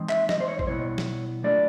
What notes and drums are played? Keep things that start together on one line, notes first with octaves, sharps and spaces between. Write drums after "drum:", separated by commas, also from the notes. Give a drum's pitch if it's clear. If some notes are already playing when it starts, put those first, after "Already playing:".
Already playing: E3 G#3 C4 D#4
E5, drum: clap
D#5, drum: snare
C5
C#5
C5, drum: kick
B2 G3 B3 E4 C#5
drum: snare
F#3 A3 D4 F4 D5